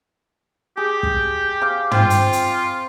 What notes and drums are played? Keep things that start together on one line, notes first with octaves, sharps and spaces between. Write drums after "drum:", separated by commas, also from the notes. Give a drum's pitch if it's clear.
G4 G#4
drum: kick
F5 D6
C4 F4 G5, drum: tom
drum: hi-hat
drum: hi-hat